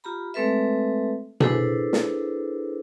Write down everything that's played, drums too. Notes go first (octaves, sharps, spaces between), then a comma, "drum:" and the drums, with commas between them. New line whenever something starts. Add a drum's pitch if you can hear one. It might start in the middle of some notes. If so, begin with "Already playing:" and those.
F4 G4 A#5 B5
G#3 A3 C4 A4 B4 E5
D4 E4 G#4 A4 B4 C5, drum: tom B2
drum: snare